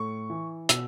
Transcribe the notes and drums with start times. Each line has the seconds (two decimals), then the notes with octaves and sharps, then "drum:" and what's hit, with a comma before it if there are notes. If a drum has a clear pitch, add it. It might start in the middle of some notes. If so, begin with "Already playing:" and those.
Already playing: A2 C#6
0.30 E3
0.69 B2 E6, drum: hi-hat